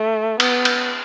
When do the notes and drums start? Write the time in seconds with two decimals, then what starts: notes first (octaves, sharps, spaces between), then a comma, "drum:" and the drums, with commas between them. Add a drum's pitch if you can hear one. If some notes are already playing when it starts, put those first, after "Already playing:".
Already playing: A3
0.40 B3, drum: cymbal
0.65 drum: cymbal